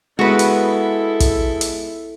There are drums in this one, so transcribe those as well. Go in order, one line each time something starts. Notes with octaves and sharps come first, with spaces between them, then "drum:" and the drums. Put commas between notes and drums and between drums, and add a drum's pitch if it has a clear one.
G#3 B3 E4 F#4 A4 B4
drum: hi-hat
drum: kick, hi-hat
drum: hi-hat